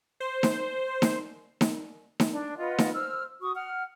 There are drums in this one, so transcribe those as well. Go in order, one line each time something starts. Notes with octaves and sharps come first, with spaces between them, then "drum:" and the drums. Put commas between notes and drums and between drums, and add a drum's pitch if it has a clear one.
C5
drum: snare D#4
drum: snare D#4
drum: snare D#4
drum: snare D#4
D4
F4 B4 D#5 F#5
drum: snare D#4
C5 E6 F6
F#4 C#6 D#6
F#5 F6